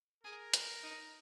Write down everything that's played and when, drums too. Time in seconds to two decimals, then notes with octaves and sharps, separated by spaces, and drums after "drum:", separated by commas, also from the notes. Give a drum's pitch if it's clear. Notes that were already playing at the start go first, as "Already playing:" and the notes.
0.23 G#4 A#4
0.53 drum: hi-hat
0.83 D#4